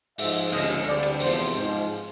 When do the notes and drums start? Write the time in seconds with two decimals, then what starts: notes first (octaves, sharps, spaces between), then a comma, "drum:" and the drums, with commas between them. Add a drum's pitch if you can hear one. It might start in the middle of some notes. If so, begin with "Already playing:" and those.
0.18 G#2 F3 G#3 E5, drum: open hi-hat
0.52 D2 C#3 F3 G#3 D#5, drum: cymbal
0.86 D2 D3 G3 D5
1.03 drum: cymbal
1.20 E2 C3 F3 G#3 C5, drum: open hi-hat
1.54 G#2 F3 G#3 C5